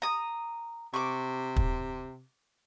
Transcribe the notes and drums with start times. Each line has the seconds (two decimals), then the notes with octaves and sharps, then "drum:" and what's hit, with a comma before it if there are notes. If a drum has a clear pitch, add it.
0.02 A#5 D#6
0.94 C3 C#6 D6
1.56 drum: kick